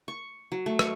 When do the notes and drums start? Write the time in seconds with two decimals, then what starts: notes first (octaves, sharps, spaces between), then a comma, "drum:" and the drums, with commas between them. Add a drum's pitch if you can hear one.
0.08 C#6
0.52 F#3
0.66 A3
0.79 C#6, drum: rim click